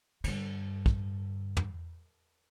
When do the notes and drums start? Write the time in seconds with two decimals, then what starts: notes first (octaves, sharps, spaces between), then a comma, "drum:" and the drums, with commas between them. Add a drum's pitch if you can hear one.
0.24 G2 D3, drum: cymbal
0.86 drum: kick
1.57 drum: tom